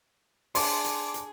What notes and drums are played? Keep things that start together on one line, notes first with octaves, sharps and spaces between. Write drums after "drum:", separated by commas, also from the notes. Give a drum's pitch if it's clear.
D4 G#4 C6 D6 C#7, drum: open hi-hat
drum: hi-hat
drum: hi-hat